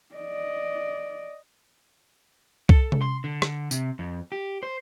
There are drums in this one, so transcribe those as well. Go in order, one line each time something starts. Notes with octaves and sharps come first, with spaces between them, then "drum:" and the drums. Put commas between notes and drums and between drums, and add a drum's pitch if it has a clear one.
D5 D#5
A4, drum: kick C2
drum: tom C3
C6
D3
drum: rim click
C3, drum: tambourine
F2
G4
C5